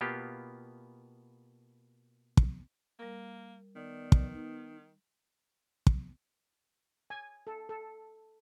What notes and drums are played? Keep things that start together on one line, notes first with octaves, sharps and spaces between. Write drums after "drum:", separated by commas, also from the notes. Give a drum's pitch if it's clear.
B2 A#3 B3 F4 G4
drum: kick
G3 A#3 A#4
D#3 B3 D5
drum: kick
D#4
drum: kick
G#5
A4
A4